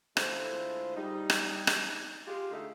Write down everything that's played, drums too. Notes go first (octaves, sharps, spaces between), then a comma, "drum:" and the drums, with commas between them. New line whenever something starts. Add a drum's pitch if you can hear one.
D3 G#3 A3 E4 F4 C5, drum: rim click
G3 D#4
drum: rim click
drum: rim click
G#3 F4 G4
D3 A3 D#4